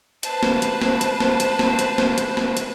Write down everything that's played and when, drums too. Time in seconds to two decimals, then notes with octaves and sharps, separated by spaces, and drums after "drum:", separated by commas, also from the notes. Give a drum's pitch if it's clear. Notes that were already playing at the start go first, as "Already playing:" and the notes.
0.23 B4 C5 A5, drum: hi-hat
0.43 drum: snare
0.62 drum: hi-hat
0.82 drum: snare
1.01 drum: hi-hat
1.20 drum: snare
1.40 drum: hi-hat
1.59 drum: snare
1.79 drum: hi-hat
1.98 drum: snare
2.18 drum: hi-hat
2.37 drum: snare
2.57 drum: hi-hat